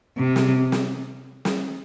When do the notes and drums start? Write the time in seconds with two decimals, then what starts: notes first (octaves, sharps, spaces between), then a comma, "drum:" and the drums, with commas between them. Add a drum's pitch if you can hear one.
0.17 C3
0.36 drum: snare
0.72 drum: snare
1.45 drum: snare